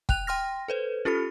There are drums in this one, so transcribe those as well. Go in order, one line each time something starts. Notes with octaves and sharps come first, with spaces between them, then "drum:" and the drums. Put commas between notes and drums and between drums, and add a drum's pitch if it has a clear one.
G5 F#6 F7, drum: kick
G5 C6 F6 A#6
A4 B4 C5
C#4 F4 G4 A4 B5